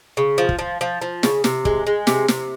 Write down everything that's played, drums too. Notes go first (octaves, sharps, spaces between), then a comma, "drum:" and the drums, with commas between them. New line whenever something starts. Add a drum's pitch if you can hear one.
C#3
F3
drum: kick
F3
F3
F3
C#3, drum: snare
C3, drum: snare
G#3, drum: kick
G#3
C3, drum: snare
C3, drum: snare